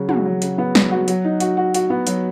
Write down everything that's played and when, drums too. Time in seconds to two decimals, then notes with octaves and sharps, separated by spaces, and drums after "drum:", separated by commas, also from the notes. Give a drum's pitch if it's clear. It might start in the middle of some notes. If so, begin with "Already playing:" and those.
Already playing: C#3 F#3
0.09 F#4, drum: tom
0.25 F#3
0.42 C#3, drum: hi-hat
0.58 B3
0.75 F#3, drum: snare
0.91 F#4
1.08 F#3, drum: hi-hat
1.24 D#4
1.40 F#4, drum: hi-hat
1.57 F#4
1.74 F#4, drum: hi-hat
1.90 B3
2.07 F#3, drum: hi-hat